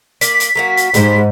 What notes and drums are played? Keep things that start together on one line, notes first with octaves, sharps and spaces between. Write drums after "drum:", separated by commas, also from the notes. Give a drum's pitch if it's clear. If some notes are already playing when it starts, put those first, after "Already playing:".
A#3 D5 B6, drum: hi-hat
drum: hi-hat
F#3 A#3 F#4
drum: hi-hat
G#2 G3 C5, drum: hi-hat